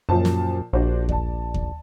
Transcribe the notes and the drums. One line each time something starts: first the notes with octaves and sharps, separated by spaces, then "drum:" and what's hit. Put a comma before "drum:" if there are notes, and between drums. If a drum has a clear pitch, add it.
F#2 A#2 F3 A5
drum: snare
A#1 D4 F#4 C5
D5 A5, drum: kick D#2
drum: kick D#2